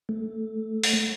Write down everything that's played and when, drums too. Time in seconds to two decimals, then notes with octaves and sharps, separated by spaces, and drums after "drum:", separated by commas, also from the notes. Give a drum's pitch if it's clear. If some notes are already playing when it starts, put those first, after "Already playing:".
0.09 A3
0.84 drum: open hi-hat